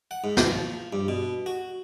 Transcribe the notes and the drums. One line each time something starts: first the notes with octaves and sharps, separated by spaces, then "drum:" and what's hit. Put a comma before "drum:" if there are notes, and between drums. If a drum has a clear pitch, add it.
F#5
G#2
drum: snare
F3
G2
B2
F#4